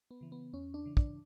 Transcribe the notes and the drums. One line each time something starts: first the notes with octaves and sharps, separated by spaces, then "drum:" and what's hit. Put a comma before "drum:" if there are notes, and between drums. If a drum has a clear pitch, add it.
B3
C#3 E3
B3
E2 C#4
D4
C#3 E3
D4, drum: kick